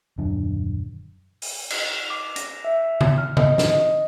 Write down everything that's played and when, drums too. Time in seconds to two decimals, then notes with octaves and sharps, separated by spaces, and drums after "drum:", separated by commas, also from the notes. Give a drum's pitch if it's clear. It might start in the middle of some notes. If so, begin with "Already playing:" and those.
0.18 D#1 F#2 D3 D4
1.42 drum: open hi-hat
1.70 drum: cymbal
2.10 D6
2.36 A#6, drum: hi-hat
2.65 E5
3.01 drum: tom C#3
3.18 F6
3.37 D#5, drum: tom C#3
3.58 drum: snare
3.70 D#5